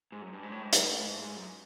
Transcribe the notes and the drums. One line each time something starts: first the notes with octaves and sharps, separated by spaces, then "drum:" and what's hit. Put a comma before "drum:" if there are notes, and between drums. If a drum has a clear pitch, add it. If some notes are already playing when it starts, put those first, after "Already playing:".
G#2
F#2
G2
G#2
A2
G#2
F#2, drum: hi-hat
A2
G#2
G#2
F#2